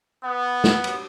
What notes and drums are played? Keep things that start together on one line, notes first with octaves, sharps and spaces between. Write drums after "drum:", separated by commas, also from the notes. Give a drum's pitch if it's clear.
B3
drum: snare
drum: cymbal